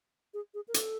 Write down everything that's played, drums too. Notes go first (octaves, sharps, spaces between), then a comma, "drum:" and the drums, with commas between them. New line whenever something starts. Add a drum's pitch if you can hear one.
G#4
G#4
A#4
A4, drum: hi-hat